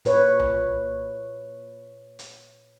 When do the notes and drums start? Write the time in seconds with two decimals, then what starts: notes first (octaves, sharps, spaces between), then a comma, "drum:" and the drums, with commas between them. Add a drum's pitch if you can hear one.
0.05 A#2 B4 C#5, drum: hi-hat
0.39 drum: tom C2
2.19 drum: hi-hat